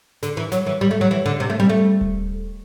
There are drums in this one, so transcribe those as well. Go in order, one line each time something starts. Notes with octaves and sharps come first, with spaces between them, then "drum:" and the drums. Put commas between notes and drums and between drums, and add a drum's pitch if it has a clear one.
D3, drum: snare
E3
F#3, drum: snare
E3
G3
A3
F#3
E3
D3
C3
A3
G3
A3
drum: kick D#1